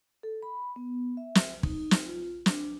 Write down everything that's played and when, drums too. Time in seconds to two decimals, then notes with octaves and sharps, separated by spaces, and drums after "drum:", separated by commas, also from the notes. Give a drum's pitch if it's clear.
0.23 A4
0.43 B5
0.76 B3
1.17 E5
1.35 drum: snare
1.63 D#4, drum: kick
1.91 drum: snare
2.06 F4
2.46 D4, drum: snare